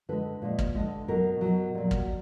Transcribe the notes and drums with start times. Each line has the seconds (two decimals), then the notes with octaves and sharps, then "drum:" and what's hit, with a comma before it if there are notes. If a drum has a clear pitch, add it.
0.09 D3 G#3 B4
0.42 A#2 G#3
0.59 drum: kick
0.75 D3 G#3
1.08 B2 F#3 A#4
1.41 B2 F#3
1.75 A#2 F#3
1.91 drum: kick